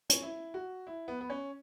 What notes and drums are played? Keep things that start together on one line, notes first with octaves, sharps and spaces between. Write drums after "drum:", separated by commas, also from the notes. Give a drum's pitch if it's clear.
C#4, drum: hi-hat
E4
F#4
E4
B3
B3
C#4